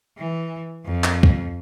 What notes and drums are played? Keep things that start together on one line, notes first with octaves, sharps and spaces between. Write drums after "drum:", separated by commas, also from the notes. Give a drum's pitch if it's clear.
E3
F2
drum: clap
drum: kick